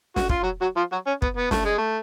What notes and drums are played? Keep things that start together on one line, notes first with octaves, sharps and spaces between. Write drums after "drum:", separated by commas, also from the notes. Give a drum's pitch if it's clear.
F#4, drum: snare
F4, drum: kick
F#3 F#4
F#3 F#4
F3 F4
F#3 F#4
C#4
B3, drum: kick
B3
A3, drum: snare
G#3
A3